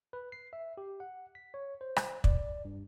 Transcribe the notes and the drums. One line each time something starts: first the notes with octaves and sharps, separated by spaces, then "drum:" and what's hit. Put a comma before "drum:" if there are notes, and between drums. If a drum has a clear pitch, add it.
B4
C7
E5
G4
F#5
B6
C#5
C5
drum: rim click
D5, drum: kick
G2